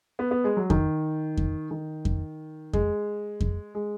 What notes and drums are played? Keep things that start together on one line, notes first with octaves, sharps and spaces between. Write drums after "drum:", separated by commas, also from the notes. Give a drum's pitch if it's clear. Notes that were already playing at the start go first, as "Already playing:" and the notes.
B3
B3
G#3
F#3
D#3, drum: kick F2
drum: kick F2
D#3
drum: kick F2
G#3, drum: kick F2
drum: kick F2
G#3